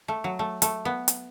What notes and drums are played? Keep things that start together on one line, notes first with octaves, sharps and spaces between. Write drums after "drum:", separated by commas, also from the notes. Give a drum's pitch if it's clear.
A3
F#3
A3
A3, drum: hi-hat
B3
drum: hi-hat